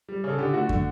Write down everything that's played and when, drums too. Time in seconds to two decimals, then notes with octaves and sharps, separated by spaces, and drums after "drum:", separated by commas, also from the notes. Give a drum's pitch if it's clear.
0.08 G3
0.24 C#3
0.29 A4
0.39 D3 G4
0.53 A3 F#4
0.69 D3, drum: kick